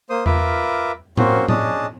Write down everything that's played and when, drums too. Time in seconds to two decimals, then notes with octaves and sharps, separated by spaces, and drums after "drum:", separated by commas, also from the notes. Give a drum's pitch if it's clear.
0.10 A#3 C5 D#6
0.26 F4 A#4 B4 E5 D6, drum: tom E2
1.17 A#3 C4 C#4 F#4 C5, drum: tom A2
1.48 C#4 D4 G#4 D#5 A5 D#6, drum: tom A2